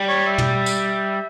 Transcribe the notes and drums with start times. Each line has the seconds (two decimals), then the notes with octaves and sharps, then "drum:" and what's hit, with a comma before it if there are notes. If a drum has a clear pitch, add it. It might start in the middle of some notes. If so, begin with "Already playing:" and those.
Already playing: G3
0.08 C#5
0.27 E5
0.38 drum: tom
0.66 drum: tambourine